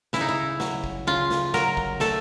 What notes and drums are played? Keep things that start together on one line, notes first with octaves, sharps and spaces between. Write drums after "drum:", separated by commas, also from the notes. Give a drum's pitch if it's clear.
C#3 E4, drum: snare
D#4
E4
F#3, drum: snare
drum: kick
C#3 F4
drum: snare
F#3 A#4, drum: snare
drum: kick
A3 A4, drum: snare